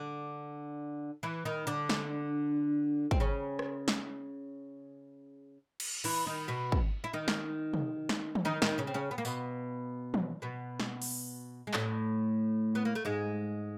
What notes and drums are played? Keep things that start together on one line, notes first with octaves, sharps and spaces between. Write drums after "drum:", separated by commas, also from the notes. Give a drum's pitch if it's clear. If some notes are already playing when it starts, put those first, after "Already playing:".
Already playing: D3 D4
E3 E4
D#3 D#4
D3 D4, drum: hi-hat
drum: snare
C4, drum: kick
C#3 C#4
drum: rim click
drum: snare
drum: cymbal
E3 E4, drum: open hi-hat
D#3 D#4
B2 B3
drum: kick
E4
D#3 D#4
drum: snare
drum: tom
drum: snare
drum: tom
D#3 D#4
D#3 D#4, drum: snare
C#3 C#4
C4
C#3 C#4
B3
A#3
B2 B3, drum: tambourine
drum: tom
B2 B3
drum: snare
drum: open hi-hat
G#3
A2 A3, drum: clap
B3
A#3
A3
G#2 G#3